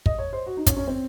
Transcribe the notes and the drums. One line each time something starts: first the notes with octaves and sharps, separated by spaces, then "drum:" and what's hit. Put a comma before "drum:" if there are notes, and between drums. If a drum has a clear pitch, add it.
D#5, drum: kick
C#5
C5
F#4
D#4
C#4, drum: kick, hi-hat
C#4
C4